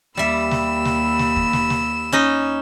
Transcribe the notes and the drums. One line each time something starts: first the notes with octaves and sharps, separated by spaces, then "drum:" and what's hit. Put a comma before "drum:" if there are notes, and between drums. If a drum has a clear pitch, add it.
D#2 G3 E5 B5 E6
drum: snare
drum: snare
drum: snare
drum: kick
drum: snare
drum: snare
C#4 D#4 D#5